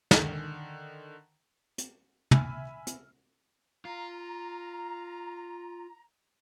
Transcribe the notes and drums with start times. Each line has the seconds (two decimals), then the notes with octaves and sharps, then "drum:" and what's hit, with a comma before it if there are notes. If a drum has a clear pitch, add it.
0.11 D3 D#3, drum: snare
1.78 drum: hi-hat
2.31 E5 G#5 B5 E6 F6, drum: tom
2.87 drum: hi-hat
3.85 F4 A#5